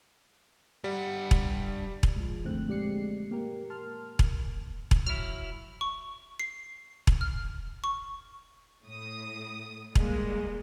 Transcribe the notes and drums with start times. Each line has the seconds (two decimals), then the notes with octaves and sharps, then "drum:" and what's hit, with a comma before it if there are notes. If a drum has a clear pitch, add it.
0.84 G2 G3 F#5
1.31 drum: kick E1
2.03 drum: kick E1
2.16 F3 G#3
2.44 F#2 D3 E3 A3 C4 F#6
2.68 A#2 G#3 G4 D5 C7 C#7
3.31 A#3 G4 A#4
3.70 A5 C6 F6
4.19 drum: kick E1
4.91 drum: kick E1
5.06 F#3 E4 F6
5.81 C#6
6.40 C7
7.07 drum: kick E1
7.21 F6
7.84 C#6
8.85 A2 D#6
9.95 G3 G#3 A#3, drum: kick E1